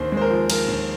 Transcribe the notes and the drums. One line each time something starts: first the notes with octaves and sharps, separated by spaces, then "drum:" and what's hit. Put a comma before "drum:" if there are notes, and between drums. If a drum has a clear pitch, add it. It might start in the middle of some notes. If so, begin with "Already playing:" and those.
Already playing: D#2 C5
G#3 C5
A#4
F3
F3 A#4, drum: cymbal
D#2